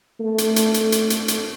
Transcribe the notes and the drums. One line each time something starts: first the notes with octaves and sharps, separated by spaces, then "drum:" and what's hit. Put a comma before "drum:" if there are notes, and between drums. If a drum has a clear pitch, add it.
A3
drum: hi-hat
drum: hi-hat
drum: hi-hat
drum: hi-hat
drum: hi-hat
drum: hi-hat